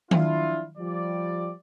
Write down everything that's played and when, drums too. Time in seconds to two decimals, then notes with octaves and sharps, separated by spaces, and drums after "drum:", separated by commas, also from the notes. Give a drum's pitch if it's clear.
0.11 F3 D4 E4 F4, drum: tom D#3
0.78 F3 G3 D5